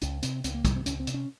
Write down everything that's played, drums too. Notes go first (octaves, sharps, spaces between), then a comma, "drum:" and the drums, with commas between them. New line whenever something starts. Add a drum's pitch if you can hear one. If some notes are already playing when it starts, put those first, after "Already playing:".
C#2 C#4, drum: hi-hat
C3 C4, drum: hi-hat
C#2 C4, drum: hi-hat
A#3
C3 G3, drum: kick, hi-hat
C4
C#2 C#4, drum: hi-hat
C4
C3, drum: hi-hat
C#4